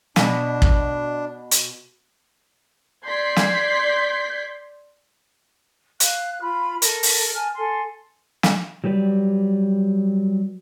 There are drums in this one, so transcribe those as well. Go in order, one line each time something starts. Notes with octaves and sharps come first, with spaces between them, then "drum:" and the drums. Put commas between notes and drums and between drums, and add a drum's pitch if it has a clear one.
B2 D4, drum: snare
drum: kick
drum: hi-hat
D5 C6 G6 G#6 B6 C7
drum: snare
F5 F#6, drum: hi-hat
F4 B5
A4 A#4, drum: hi-hat
drum: open hi-hat
G#5 A5 F6
A4 G#5 C6
drum: snare
F#3 G3 G4 B4 D5